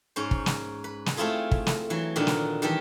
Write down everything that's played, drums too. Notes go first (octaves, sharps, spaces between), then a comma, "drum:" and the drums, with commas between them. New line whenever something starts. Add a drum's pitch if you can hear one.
G#2 C#4 C5
drum: kick
drum: snare
B4
drum: snare
A3 C4 E4 F4 G#4 A4
drum: kick
drum: snare
E3 F#3
A#2 D3 D#3 B3
drum: snare
D#3 E3 G3 G4 A4